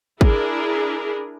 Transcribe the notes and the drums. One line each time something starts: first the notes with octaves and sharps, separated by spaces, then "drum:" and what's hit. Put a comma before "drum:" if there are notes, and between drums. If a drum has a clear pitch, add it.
D4 E4 G#4 A#4, drum: kick